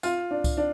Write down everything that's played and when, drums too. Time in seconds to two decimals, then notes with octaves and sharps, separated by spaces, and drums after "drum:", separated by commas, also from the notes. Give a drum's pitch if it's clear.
0.03 F4, drum: tambourine
0.31 D4
0.44 drum: kick C2, tambourine
0.57 D4